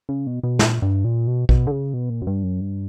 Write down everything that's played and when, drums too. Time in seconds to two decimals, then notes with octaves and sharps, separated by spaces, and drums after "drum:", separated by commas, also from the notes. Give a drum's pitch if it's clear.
0.09 C#3
0.27 B2
0.43 B2
0.59 A#2, drum: snare
0.82 G2
1.05 A#2
1.27 B2
1.49 B2, drum: kick A#1
1.67 D3
1.71 C#3
1.94 B2
2.10 A#2
2.22 F#2
2.27 G2
2.43 F#2
2.60 G2